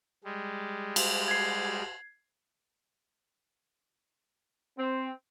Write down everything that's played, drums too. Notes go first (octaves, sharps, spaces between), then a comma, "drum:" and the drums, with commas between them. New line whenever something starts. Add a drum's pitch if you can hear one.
G3 G#3
drum: cymbal
G#6 C7
C4